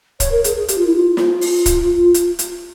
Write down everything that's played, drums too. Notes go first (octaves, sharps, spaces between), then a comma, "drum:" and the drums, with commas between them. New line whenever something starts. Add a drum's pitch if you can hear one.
C#5, drum: kick, hi-hat
A#4
G#4, drum: hi-hat
G#4
G4, drum: hi-hat
F4
E4
F4
drum: snare
drum: open hi-hat
drum: kick, hi-hat
drum: hi-hat
drum: hi-hat